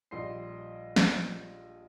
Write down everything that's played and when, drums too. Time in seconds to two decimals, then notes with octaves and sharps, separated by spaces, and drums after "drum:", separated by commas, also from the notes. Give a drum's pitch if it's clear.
0.11 A#1 G3 D#5 C6 C7
0.96 drum: snare